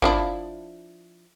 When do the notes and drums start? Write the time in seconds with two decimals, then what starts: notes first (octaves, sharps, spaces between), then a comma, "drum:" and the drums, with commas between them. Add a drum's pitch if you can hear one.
0.02 F3 D4 E4, drum: kick G1